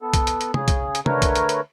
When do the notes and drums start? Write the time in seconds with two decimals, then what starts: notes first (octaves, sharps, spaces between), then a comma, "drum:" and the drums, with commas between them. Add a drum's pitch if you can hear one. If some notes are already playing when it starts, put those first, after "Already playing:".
0.02 B3 A4
0.14 drum: kick C2, hi-hat
0.27 drum: hi-hat
0.41 drum: hi-hat
0.54 C#3 G#4, drum: tom C3
0.68 drum: kick C2, hi-hat
0.95 drum: hi-hat
1.06 D3 A3 A#4 B4 C#5, drum: tom C3
1.22 drum: kick C2, hi-hat
1.35 drum: hi-hat
1.49 drum: hi-hat